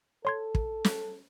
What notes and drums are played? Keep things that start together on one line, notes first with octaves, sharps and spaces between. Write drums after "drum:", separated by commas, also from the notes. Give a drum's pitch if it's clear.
A4 C#5 C6 G#6
drum: kick
drum: snare